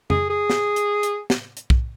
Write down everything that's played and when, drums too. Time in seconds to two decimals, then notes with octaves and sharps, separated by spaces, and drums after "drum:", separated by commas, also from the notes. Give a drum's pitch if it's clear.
0.10 G#4, drum: tom F2
0.30 G#4
0.50 drum: snare
0.76 drum: hi-hat
1.03 drum: hi-hat
1.30 drum: snare
1.57 drum: hi-hat
1.70 drum: kick B1